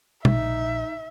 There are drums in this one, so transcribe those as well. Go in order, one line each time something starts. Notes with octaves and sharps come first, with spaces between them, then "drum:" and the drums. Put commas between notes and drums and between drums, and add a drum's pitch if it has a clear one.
A#1 D#4 E5, drum: tom